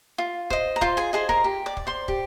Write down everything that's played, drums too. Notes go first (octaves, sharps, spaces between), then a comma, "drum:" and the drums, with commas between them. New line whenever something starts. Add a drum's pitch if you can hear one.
F4
C5 D#5, drum: kick
A#5
F4 C5 C6, drum: kick
G#4 G#5
G#4 C5 D#5 G#5
A#4 A#5, drum: kick
G4
D5 D6
D5, drum: kick
C5 C6
G4, drum: kick